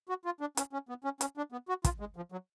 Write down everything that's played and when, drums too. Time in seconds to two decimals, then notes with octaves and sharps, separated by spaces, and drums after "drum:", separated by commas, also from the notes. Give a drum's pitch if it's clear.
0.09 F#4
0.25 F4
0.41 D4
0.57 C#4, drum: hi-hat
0.73 C#4
0.89 B3
1.04 C#4
1.21 C#4, drum: hi-hat
1.37 D4
1.52 B3
1.69 F#4
1.84 F4, drum: kick, hi-hat
2.00 G#3
2.16 F3
2.32 F#3